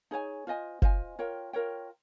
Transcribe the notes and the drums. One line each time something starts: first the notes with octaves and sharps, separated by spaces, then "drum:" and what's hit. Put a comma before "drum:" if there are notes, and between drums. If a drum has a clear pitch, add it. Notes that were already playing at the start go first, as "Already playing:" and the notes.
D#4 G#4 C#5 G#5
F4 C5 D#5 G#5
F4 C5 D#5 G#5, drum: kick F#1
F4 A#4 C#5 G5
F4 A#4 C#5 G5